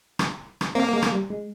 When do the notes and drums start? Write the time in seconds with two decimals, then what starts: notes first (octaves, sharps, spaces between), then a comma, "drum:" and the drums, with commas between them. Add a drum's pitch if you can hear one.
0.19 drum: rim click
0.61 drum: rim click
0.75 A#3 C4
0.93 G#3
1.02 drum: rim click
1.12 G3
1.30 G#3